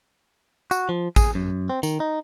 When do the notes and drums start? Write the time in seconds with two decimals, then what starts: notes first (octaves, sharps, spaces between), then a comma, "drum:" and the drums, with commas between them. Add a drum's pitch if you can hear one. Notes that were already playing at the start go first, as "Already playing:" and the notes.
0.71 F#4, drum: tambourine
0.89 F3
1.16 G#4, drum: kick A1, tambourine
1.35 F#2
1.70 C4
1.83 D#3, drum: tambourine
2.00 D#4